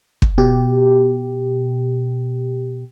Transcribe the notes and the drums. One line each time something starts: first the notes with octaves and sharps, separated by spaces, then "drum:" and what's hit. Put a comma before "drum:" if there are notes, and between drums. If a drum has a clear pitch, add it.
drum: kick
B2 G4